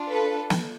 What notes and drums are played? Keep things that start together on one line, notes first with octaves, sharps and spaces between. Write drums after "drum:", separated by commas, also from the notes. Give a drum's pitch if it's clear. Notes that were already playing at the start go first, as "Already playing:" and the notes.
Already playing: D4 F4
A4 B4
drum: snare